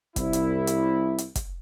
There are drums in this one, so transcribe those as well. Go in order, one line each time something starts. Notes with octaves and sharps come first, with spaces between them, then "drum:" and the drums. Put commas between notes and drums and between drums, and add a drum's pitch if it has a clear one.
C2 E4, drum: kick, hi-hat
drum: hi-hat
drum: hi-hat
drum: hi-hat
drum: kick, hi-hat